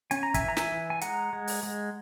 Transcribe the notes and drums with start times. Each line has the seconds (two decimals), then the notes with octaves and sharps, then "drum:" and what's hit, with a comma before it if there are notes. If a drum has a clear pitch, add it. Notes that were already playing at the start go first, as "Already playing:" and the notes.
0.11 C#4 G#5, drum: hi-hat
0.23 A#5
0.34 E5 G#5, drum: kick, hi-hat
0.41 E3
0.48 A#5
0.57 E5 G#5, drum: snare
0.72 E3
0.90 G#5
1.01 G#3 F#5 A#5, drum: hi-hat
1.33 G#3
1.48 drum: open hi-hat
1.63 G#3